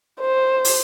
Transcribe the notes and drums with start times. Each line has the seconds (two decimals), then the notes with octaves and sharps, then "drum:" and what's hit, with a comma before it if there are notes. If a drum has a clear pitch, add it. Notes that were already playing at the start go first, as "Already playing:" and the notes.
0.21 C5
0.65 drum: open hi-hat